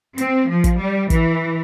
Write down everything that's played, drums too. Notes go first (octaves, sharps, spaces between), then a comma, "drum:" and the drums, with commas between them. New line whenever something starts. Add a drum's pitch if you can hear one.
C4, drum: hi-hat
F3
drum: kick, hi-hat
G3
E3, drum: kick, hi-hat